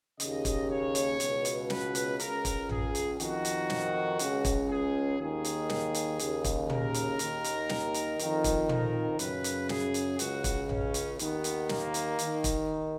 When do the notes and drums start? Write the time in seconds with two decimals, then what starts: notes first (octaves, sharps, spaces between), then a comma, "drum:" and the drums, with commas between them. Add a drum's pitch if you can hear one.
0.20 D#2 C#3 D#5, drum: hi-hat
0.45 drum: kick, hi-hat
0.70 C#5
0.95 drum: hi-hat
1.20 C#2 B2, drum: hi-hat
1.45 drum: hi-hat
1.70 B4, drum: snare
1.95 drum: hi-hat
2.20 C#2 C#3 A#4, drum: hi-hat
2.45 drum: kick, hi-hat
2.69 G#4, drum: tom A1
2.95 drum: hi-hat
3.20 F2 D#3 F#4, drum: hi-hat
3.45 drum: hi-hat
3.70 drum: snare
4.19 C#2 C#3, drum: hi-hat
4.45 drum: kick, hi-hat
4.70 G#4
5.19 D#2 D#3 G#4
5.45 drum: hi-hat
5.69 drum: snare
5.94 drum: hi-hat
6.19 D#2 C#3, drum: hi-hat
6.44 drum: kick, hi-hat
6.70 A#4, drum: tom
6.94 drum: hi-hat
7.19 D#2 D#3, drum: hi-hat
7.44 drum: hi-hat
7.69 drum: snare
7.94 drum: hi-hat
8.19 F2 D#3, drum: hi-hat
8.44 drum: kick, hi-hat
8.69 A#4, drum: tom
9.19 F#2 C#3 B4, drum: hi-hat
9.44 drum: hi-hat
9.69 G#4, drum: snare
9.94 drum: hi-hat
10.19 C#2 C#3 F#4, drum: hi-hat
10.44 drum: kick, hi-hat
10.69 C#4, drum: tom A1
10.94 drum: hi-hat
11.19 D#2 D#3 B3, drum: hi-hat
11.44 drum: hi-hat
11.69 A#3, drum: snare
11.94 drum: hi-hat
12.19 D#2 D#3, drum: hi-hat
12.44 drum: kick, hi-hat